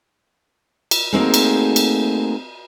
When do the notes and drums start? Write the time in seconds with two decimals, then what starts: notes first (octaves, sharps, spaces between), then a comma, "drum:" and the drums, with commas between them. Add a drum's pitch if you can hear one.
0.91 drum: cymbal
1.13 A3 A#3 C4 D#4 F#4 G#4
1.34 drum: cymbal
1.76 drum: cymbal